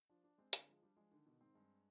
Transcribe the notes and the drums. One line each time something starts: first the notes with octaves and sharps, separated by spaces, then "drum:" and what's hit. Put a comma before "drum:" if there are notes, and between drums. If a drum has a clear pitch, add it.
F3 D4
D4
G#3 C4
D3, drum: hi-hat
F3 G#3
G3 D4
F3 G#3
D3 D#3
B2 D#3
G#2 C4
G2 G#3